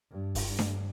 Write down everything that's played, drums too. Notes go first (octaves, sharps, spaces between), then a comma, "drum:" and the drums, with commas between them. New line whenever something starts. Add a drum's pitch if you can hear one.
G2
drum: kick, open hi-hat
G2
drum: snare D4